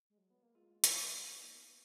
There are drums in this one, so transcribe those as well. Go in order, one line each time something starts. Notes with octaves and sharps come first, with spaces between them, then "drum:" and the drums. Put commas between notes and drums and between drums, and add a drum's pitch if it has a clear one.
G#3
F#3
B3
A#3
G#3 F4
drum: hi-hat
B3 D#4
A#3
B3